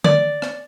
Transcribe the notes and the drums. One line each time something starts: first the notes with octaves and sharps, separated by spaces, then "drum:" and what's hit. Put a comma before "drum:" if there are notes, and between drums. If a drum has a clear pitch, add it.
D5, drum: tom D3
drum: rim click